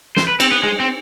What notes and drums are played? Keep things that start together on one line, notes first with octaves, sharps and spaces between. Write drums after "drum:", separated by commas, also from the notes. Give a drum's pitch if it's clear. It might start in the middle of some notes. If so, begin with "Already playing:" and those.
C5, drum: snare
B4
C4, drum: cymbal
B3
G#3
C4